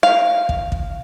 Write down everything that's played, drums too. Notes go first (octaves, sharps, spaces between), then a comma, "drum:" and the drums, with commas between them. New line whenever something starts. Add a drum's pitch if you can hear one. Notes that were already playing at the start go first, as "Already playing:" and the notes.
F5
drum: kick
drum: kick